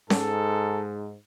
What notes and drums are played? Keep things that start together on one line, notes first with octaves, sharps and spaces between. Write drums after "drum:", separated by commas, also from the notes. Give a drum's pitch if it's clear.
G#2 A4, drum: snare C#4